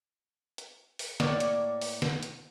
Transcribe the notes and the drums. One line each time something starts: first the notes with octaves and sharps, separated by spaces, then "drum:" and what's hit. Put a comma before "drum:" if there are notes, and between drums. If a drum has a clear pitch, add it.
drum: hi-hat
drum: open hi-hat
A2 A#3 C#5 D5, drum: snare
drum: hi-hat
drum: open hi-hat
drum: snare
drum: hi-hat